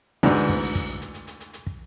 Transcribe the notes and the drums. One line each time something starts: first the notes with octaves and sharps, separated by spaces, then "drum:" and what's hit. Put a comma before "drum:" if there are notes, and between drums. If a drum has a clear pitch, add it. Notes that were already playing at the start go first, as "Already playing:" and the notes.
D2 G#2 D3 E3, drum: open hi-hat
drum: kick, open hi-hat
drum: open hi-hat
drum: kick, hi-hat
drum: hi-hat
drum: hi-hat
drum: hi-hat
drum: hi-hat
drum: hi-hat
drum: kick